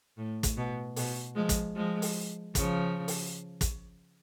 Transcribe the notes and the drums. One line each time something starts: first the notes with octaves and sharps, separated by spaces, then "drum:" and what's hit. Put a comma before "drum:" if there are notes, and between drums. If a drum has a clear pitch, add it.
A2
drum: kick, hi-hat
B2
B2, drum: open hi-hat
F3 G#3
drum: kick, hi-hat
F3 G#3
drum: open hi-hat
C#3 F3, drum: kick, hi-hat
drum: open hi-hat
drum: kick, hi-hat